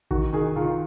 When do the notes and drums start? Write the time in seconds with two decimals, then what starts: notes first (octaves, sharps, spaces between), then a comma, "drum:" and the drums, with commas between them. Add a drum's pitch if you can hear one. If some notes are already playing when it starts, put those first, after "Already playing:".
0.11 D#3 F#4, drum: kick A1
0.33 D#3 G#4
0.56 D#3 F4